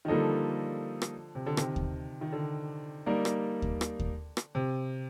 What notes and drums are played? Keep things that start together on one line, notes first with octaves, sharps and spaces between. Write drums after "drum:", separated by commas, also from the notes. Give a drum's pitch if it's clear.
D#3
D3 F3 G3 A#3 D#4 A4 D#5
drum: rim click
C3
D3
C3 D#3, drum: rim click
drum: kick D#2
D#3
D3
G3 A#3 D#4 A#4 D5
drum: rim click
drum: kick D#2
drum: rim click
drum: kick D#2
drum: rim click
C3